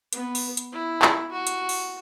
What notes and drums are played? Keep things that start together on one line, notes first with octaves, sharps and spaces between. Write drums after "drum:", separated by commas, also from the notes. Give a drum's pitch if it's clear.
B3, drum: hi-hat
drum: open hi-hat
drum: hi-hat
E4
drum: clap
F#4
drum: hi-hat
drum: open hi-hat